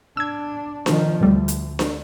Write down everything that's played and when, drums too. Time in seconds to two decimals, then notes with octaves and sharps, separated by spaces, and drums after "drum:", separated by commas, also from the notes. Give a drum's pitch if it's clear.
0.17 D4 E6 G#6
0.86 D#3 F3, drum: snare D4
1.21 D2 B2 G3 A3
1.48 drum: hi-hat
1.79 drum: snare D4